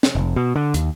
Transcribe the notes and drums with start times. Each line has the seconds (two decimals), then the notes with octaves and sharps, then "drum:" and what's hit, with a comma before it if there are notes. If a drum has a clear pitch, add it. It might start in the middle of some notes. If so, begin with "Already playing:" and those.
0.03 drum: snare
0.15 F1
0.36 B2
0.56 D3
0.74 D#2, drum: hi-hat